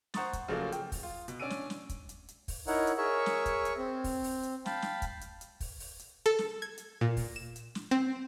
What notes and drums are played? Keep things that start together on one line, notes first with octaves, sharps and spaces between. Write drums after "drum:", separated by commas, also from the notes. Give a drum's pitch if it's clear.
C5 F#5 A#5 C#6 D#6 A6, drum: snare
drum: kick, hi-hat
C#3 F3 F#3 A3 A#3 C#4
G5, drum: hi-hat
drum: kick, open hi-hat
F4
B2, drum: hi-hat
C#4 D4 E6 D7 D#7
drum: snare
drum: snare
drum: kick, hi-hat
drum: hi-hat
drum: hi-hat
drum: kick, open hi-hat
D#4 E4 A#4 C#5 F#5, drum: open hi-hat
drum: hi-hat
G#4 A#4 C#5 E5 C#6
drum: snare
drum: kick, hi-hat
drum: hi-hat
C4
drum: kick, open hi-hat
drum: open hi-hat
drum: hi-hat
F5 G5 A5 B5, drum: snare
drum: snare
drum: kick, hi-hat
drum: hi-hat
drum: hi-hat
drum: kick, open hi-hat
drum: open hi-hat
drum: hi-hat
A4
drum: snare
G#6
drum: hi-hat
A#2
drum: kick, open hi-hat
E7
drum: hi-hat
drum: snare
C4